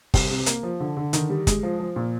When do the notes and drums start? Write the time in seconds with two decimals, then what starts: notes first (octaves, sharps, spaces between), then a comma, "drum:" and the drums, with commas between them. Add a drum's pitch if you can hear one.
0.14 C2, drum: kick G1, open hi-hat
0.30 C3
0.46 A#3, drum: hi-hat
0.63 F3
0.80 D3
0.97 D3
1.13 D#3, drum: hi-hat
1.30 G3
1.47 G#3, drum: kick G1, hi-hat
1.63 F3
1.80 F3
1.96 A#2